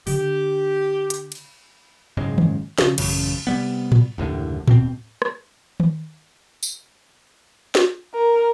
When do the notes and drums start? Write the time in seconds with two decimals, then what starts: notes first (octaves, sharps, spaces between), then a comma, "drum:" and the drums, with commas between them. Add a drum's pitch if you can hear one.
0.07 D3 D4 G4, drum: open hi-hat
1.10 drum: hi-hat
1.32 drum: cymbal
2.17 F#1 G#2 C#3 G#3
2.38 drum: tom D#3
2.78 C#3 F3, drum: snare
2.98 A1 F#2 C#3, drum: cymbal
3.47 C3 G3 B3
3.92 drum: tom A2
4.18 F#1 D#2 A2 D3
4.68 D#1 B2 C4, drum: tom A2
5.22 drum: rim click
5.80 drum: tom D#3
6.63 drum: tambourine
7.75 drum: snare
8.14 A#4